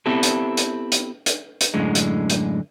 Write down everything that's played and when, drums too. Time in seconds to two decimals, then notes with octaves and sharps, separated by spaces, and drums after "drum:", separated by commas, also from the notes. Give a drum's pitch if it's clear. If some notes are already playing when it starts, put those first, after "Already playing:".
0.06 B3 C4 E4 G4 A4
0.23 drum: hi-hat
0.57 drum: hi-hat
0.92 drum: hi-hat
1.26 drum: hi-hat
1.61 drum: hi-hat
1.74 F#2 A2 D3 G#3
1.95 drum: hi-hat
2.30 drum: hi-hat